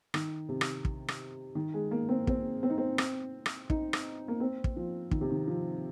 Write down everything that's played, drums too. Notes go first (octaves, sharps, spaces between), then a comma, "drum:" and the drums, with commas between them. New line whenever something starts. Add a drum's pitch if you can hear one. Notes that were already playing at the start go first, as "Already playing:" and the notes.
D#3, drum: rim click
C3
drum: rim click
drum: kick
drum: rim click
D#3
G#3
A#3
C4
C4, drum: kick
C4
D#4
C4
drum: rim click
drum: rim click
D#4, drum: kick
drum: rim click
A#3
C4
drum: kick
F3
D#3, drum: kick
C3
D#3
F3